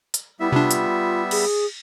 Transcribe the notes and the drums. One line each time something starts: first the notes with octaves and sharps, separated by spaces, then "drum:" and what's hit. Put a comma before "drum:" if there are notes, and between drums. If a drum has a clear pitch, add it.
drum: hi-hat
G3 B3 E4 E5
C3 D4 F4
drum: hi-hat
G#4, drum: cymbal